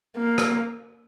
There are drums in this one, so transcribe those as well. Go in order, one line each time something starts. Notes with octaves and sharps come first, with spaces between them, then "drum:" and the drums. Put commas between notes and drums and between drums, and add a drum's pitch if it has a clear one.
A#3
drum: rim click